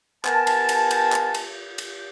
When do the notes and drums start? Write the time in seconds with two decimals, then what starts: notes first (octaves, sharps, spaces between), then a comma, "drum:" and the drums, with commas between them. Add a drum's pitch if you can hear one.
0.25 B3 A#4 G#5 A5, drum: clap
0.47 drum: cymbal
0.69 drum: cymbal
0.91 drum: cymbal
1.13 drum: clap
1.34 drum: cymbal
1.78 drum: cymbal